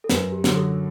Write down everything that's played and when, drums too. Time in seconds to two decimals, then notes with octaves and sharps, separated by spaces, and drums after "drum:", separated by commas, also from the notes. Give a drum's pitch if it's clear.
0.04 A4
0.09 F#2 B4, drum: snare
0.32 G4
0.44 D3 F#3 G4, drum: snare
0.56 A4